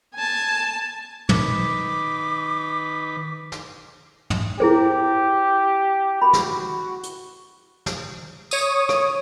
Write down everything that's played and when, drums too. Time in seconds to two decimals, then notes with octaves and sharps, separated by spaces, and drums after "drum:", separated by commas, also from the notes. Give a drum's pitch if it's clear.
0.15 G#5 A5
1.29 D#3 B4 D6, drum: tom
3.52 drum: snare
4.30 drum: tom
4.60 E4 G4 G#4 C5
6.22 F#4 B5
6.33 drum: snare
7.03 drum: hi-hat
7.86 drum: snare
8.51 C#5 D#6, drum: tambourine
8.89 drum: rim click